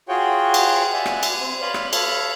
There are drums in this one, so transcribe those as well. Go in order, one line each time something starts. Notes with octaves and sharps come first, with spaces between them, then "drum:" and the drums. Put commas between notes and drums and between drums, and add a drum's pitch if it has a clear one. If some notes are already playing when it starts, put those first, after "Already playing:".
F4 F#4 G#4 C#5 F#5 G5
drum: cymbal
D5 E5 F#5 G#5
drum: rim click
drum: cymbal
C4
B4 C#5 D5 F5 B5 C6
drum: rim click
A4 C#5 F5 B5, drum: cymbal